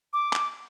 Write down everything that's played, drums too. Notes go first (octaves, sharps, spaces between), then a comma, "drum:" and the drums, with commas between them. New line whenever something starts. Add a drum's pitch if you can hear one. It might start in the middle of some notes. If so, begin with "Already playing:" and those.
D6
drum: clap